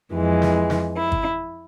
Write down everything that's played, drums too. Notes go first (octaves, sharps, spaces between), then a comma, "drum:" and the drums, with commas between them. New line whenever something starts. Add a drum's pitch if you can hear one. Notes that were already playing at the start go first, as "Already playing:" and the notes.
F2 E3 G#3
drum: snare
drum: snare
E4
drum: kick